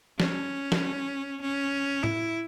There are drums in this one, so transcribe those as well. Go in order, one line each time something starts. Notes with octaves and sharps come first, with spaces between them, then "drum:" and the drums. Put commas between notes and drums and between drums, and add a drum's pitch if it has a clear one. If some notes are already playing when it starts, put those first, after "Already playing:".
C#4, drum: snare
drum: snare
C#4
E4, drum: tom A2